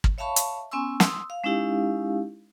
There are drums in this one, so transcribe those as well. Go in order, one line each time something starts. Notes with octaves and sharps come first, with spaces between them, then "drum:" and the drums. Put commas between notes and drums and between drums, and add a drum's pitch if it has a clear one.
drum: kick
C#5 E5 F5 A5 B5 C#6
drum: hi-hat
B3 C#4 G#5 C6 C#6 E6
C6 D#6 E6, drum: snare
F5
G#3 C#4 D#4 E4 G4 F5